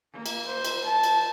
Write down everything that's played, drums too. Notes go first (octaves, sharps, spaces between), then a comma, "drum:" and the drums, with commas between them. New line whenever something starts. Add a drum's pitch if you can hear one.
A#3
drum: cymbal
C5
drum: cymbal
A5
drum: cymbal